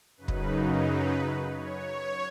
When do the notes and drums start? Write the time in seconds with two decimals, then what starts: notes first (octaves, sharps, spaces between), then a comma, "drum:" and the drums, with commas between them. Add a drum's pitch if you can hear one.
0.17 F#2 C#3 F#3 D#4 B4
0.28 drum: kick
0.85 B4
1.52 C#5